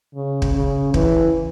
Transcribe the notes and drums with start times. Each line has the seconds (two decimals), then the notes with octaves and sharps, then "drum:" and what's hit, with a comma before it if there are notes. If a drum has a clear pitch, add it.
0.15 C#3
0.42 drum: kick
0.55 C#3
0.94 E3, drum: kick